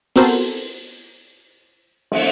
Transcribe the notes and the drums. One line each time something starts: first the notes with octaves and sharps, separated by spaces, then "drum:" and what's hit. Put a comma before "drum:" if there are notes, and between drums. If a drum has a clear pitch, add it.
B3 C4 F#4 A4 A#4 C5, drum: open hi-hat
drum: cymbal